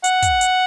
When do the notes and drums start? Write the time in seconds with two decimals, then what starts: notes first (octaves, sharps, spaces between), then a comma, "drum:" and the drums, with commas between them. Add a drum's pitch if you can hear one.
0.04 F#5, drum: hi-hat
0.22 drum: kick, hi-hat
0.41 drum: hi-hat